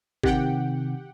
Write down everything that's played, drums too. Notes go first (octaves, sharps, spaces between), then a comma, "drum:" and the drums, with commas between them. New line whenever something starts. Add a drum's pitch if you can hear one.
C3 D#3 G4 F#5 G5, drum: kick